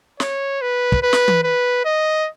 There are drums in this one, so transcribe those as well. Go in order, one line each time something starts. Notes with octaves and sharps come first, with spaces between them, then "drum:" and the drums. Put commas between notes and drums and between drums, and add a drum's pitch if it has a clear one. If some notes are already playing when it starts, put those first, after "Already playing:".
C#5, drum: snare
B4
drum: kick
B4
drum: snare
drum: tom
B4
D#5